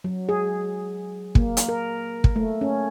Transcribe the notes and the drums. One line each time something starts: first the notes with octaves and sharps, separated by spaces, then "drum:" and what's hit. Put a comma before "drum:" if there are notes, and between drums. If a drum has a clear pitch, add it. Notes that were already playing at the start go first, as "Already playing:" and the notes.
F#3
G#4
A#3, drum: kick
drum: hi-hat
A#4
drum: kick
A3
C#4